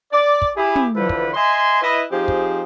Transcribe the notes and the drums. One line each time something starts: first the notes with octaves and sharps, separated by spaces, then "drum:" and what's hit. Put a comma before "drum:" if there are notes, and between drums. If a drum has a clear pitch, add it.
D5
drum: kick
E4 G4 G#4
drum: tom
D3 E3 F3 E4 A4 B4
drum: kick
D#5 E5 G#5 C6
E4 B4 D#5
F3 C4 D#4 G4 G#4
drum: kick